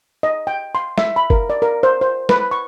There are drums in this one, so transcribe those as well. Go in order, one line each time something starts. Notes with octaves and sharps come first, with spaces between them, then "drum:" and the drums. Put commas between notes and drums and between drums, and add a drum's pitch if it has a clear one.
D#5
G5
C6
E5, drum: snare
B5
A#4, drum: kick
D5
A#4
C5
C5
B4, drum: snare
C#6